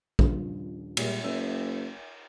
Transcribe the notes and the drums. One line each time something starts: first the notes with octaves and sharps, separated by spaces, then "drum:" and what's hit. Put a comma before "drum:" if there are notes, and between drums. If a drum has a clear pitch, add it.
D#1 A#1 F4, drum: kick
A#2 G3 G#3, drum: cymbal
F#1 E6